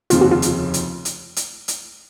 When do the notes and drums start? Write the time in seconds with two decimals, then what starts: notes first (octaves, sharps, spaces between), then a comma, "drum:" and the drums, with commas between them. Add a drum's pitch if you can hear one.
0.10 F1 D#2 C#3 F3 C4 F4, drum: hi-hat
0.21 F#4
0.31 F4
0.42 drum: hi-hat
0.74 drum: hi-hat
1.05 drum: hi-hat
1.36 drum: hi-hat
1.68 drum: hi-hat